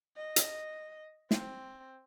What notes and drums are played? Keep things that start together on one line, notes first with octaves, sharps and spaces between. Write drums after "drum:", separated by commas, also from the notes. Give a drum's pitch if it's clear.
D#5
drum: hi-hat
C4, drum: snare